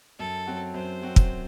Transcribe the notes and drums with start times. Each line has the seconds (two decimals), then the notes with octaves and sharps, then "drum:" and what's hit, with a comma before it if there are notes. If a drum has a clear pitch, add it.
0.19 F#2 A4
0.47 F#3 C4 F#4
0.74 F#2 C5
1.02 F#3 C4 F#4
1.16 drum: kick